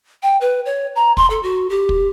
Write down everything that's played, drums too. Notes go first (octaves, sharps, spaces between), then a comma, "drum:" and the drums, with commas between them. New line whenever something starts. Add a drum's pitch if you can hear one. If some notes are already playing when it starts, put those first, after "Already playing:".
G5
B4
C#5
A#5
C6, drum: kick
A4
F#4
G4
drum: kick